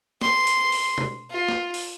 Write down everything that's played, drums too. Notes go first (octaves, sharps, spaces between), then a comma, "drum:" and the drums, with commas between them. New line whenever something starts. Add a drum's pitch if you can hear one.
C6, drum: snare
drum: hi-hat
drum: open hi-hat
drum: tom B2
F4
drum: snare
drum: open hi-hat